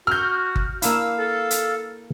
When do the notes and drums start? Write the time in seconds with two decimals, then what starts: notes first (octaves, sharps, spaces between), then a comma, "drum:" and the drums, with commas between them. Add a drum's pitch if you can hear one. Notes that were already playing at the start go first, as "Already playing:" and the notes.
0.07 F#4 F6 G6
0.56 drum: kick G1
0.82 A#3 D4 E4 F5 E6, drum: hi-hat
1.18 A4
1.51 drum: hi-hat